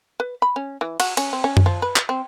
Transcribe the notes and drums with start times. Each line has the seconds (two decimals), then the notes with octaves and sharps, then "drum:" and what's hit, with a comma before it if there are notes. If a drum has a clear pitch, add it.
0.20 B4
0.42 B5
0.56 C#4
0.81 E3
1.00 F#4, drum: cymbal
1.17 C#4, drum: cymbal
1.33 C4
1.44 C#4
1.57 drum: tom F#2
1.66 F3
1.82 B4
1.96 drum: clap
2.09 C4